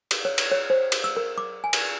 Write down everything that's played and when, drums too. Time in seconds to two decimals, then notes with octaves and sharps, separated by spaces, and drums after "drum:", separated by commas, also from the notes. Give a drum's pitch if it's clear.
0.11 drum: cymbal
0.25 C#5
0.38 drum: cymbal
0.51 C#5
0.70 C5
0.92 drum: cymbal
1.04 E6
1.17 A#4
1.38 D6
1.64 G#5
1.73 drum: cymbal